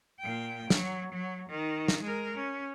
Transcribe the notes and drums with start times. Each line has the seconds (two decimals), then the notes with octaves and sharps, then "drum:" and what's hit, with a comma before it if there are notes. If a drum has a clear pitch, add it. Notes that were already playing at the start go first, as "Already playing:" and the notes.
0.19 A#2 G5
0.70 F#3, drum: snare
1.13 F#3
1.50 D#3
1.88 drum: snare
2.03 G#3 A#4
2.35 C#4